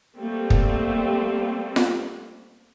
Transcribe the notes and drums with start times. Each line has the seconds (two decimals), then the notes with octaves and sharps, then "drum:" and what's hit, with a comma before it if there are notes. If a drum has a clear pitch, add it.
0.17 G3 A3 A#3 C4
0.50 drum: kick
1.76 drum: snare F4